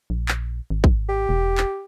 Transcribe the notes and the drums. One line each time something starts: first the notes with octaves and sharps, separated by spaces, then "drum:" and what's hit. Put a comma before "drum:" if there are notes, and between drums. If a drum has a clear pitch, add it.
A#1
drum: clap
G#1
drum: kick
G4
E1
drum: clap